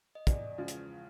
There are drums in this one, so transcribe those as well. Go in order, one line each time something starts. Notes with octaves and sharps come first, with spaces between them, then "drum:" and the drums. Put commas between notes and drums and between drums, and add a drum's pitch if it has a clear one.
D#5
E2 D5, drum: kick, hi-hat
C#3 F3 G#3
drum: hi-hat